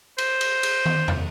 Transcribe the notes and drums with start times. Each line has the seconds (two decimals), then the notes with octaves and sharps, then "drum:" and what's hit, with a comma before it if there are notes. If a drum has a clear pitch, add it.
0.18 C5, drum: cymbal
0.41 drum: cymbal
0.63 drum: cymbal
0.86 drum: tom
1.08 drum: tom